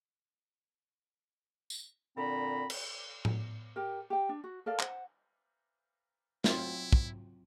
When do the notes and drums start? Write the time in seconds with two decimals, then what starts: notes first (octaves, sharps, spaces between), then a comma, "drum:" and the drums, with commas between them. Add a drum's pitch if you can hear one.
1.70 drum: tambourine
2.16 A#2 D3 C4 A#5 B5
2.70 drum: cymbal
3.25 drum: tom A2
3.76 G4 A#4
4.10 G4 G5
4.29 D4
4.44 F#4
4.66 A4 A#4 D5 F5
4.79 C5 F#5, drum: clap
6.44 F#3 C4 E4 F4, drum: snare
6.93 drum: kick